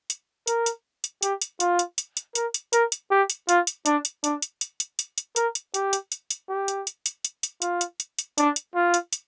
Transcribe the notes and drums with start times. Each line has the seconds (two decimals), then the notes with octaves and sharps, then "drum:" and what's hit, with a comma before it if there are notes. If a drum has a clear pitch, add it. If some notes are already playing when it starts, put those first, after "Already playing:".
0.10 drum: hi-hat
0.47 A#4, drum: hi-hat
0.66 drum: hi-hat
1.04 drum: hi-hat
1.23 G4, drum: hi-hat
1.42 drum: hi-hat
1.60 F4, drum: hi-hat
1.79 drum: hi-hat
1.98 drum: hi-hat
2.17 drum: hi-hat
2.35 A#4, drum: hi-hat
2.54 drum: hi-hat
2.73 A#4, drum: hi-hat
2.92 drum: hi-hat
3.11 G4
3.30 drum: hi-hat
3.49 F4, drum: hi-hat
3.67 drum: hi-hat
3.86 D4, drum: hi-hat
4.05 drum: hi-hat
4.24 D4, drum: hi-hat
4.42 drum: hi-hat
4.61 drum: hi-hat
4.80 drum: hi-hat
4.99 drum: hi-hat
5.18 drum: hi-hat
5.36 A#4, drum: hi-hat
5.55 drum: hi-hat
5.74 G4, drum: hi-hat
5.93 drum: hi-hat
6.12 drum: hi-hat
6.31 drum: hi-hat
6.49 G4
6.68 drum: hi-hat
6.87 drum: hi-hat
7.06 drum: hi-hat
7.25 drum: hi-hat
7.43 drum: hi-hat
7.62 F4, drum: hi-hat
7.81 drum: hi-hat
8.00 drum: hi-hat
8.19 drum: hi-hat
8.38 D4, drum: hi-hat
8.56 drum: hi-hat
8.75 F4
8.94 drum: hi-hat
9.13 drum: hi-hat